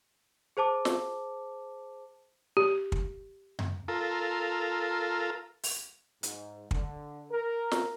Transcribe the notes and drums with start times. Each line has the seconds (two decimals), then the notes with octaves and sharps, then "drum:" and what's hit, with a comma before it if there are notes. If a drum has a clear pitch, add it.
0.57 G#4 C5 A5 D6
0.85 drum: snare
2.57 G4
2.92 drum: kick
3.59 drum: tom F#2
3.88 F4 A4 A#4
5.63 drum: open hi-hat
6.23 G#2, drum: hi-hat
6.71 D3, drum: kick
7.31 A#4
7.71 drum: snare